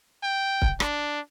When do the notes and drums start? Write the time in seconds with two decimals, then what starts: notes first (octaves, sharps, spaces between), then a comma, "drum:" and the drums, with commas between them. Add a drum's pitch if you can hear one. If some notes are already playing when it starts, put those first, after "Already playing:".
0.23 G5
0.62 drum: kick
0.80 D4, drum: rim click